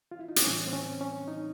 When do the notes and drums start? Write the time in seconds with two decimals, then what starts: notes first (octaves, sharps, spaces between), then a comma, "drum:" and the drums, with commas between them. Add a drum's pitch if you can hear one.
0.11 F4
0.19 E4
0.28 D#4
0.36 D4, drum: hi-hat
0.44 A2 E3 G3 C#4
0.67 C4
0.73 C#4
1.01 C#4
1.28 D#4